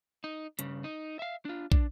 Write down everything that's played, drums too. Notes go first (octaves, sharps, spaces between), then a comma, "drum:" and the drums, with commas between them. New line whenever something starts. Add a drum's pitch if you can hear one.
D#4
G2 C#3, drum: hi-hat
D#4
E5 F5
D4 F4
D4, drum: kick